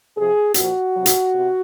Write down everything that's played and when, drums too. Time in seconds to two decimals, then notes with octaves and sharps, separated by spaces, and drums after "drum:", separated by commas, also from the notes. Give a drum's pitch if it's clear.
0.15 C3 F3 G#4
0.54 A#2 F3 F#4, drum: hi-hat
0.94 C3 F#3
1.06 drum: hi-hat
1.33 C3